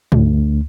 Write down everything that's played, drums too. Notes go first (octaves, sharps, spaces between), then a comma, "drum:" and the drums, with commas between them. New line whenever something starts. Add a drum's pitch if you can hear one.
D2, drum: tom